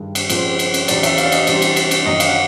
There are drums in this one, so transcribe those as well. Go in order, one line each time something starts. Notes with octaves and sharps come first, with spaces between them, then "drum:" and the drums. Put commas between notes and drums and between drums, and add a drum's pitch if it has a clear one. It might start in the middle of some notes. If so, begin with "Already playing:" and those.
Already playing: G2 D#3 G#3
drum: cymbal
C#3 F3 G#3 C4, drum: cymbal
drum: cymbal
drum: cymbal
E2 C#3 F#3 D5, drum: cymbal
E5, drum: cymbal
F5, drum: cymbal
D5
D#5, drum: cymbal
C3 E3 G3 C4 D5, drum: cymbal
drum: cymbal
drum: cymbal
drum: cymbal
F#2 D#3 F#3 D#5
F5, drum: cymbal
F#5